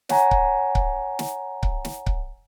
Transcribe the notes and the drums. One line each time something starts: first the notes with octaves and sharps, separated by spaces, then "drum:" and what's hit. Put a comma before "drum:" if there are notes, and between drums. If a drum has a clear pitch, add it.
C#5 F#5 G#5 A#5, drum: snare
drum: kick C#1
drum: kick C#1
drum: snare
drum: kick C#1
drum: snare
drum: kick C#1